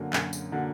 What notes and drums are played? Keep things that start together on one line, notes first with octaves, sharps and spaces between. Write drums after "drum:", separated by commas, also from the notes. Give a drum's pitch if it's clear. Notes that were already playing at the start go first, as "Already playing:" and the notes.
Already playing: F#2 D3 F#3 A#3
F#2, drum: clap
drum: tambourine
D3 F#3 A#3